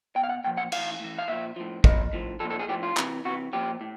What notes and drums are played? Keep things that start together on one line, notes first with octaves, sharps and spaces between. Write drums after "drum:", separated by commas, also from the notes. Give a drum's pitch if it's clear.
B2 G5
F5
F#5
A#2 F3 G5
F#5
A2 E3 F5, drum: cymbal
A2 E3
F5
A#2 F3 E5
A2 F3
A#2 F3 D#5, drum: kick
A2 F3
A#2 F3 A4
A4
G#4
A2 F3 G4
F4
C3 E3, drum: clap
C3 E3 F#4
A#2 F3 G4
A2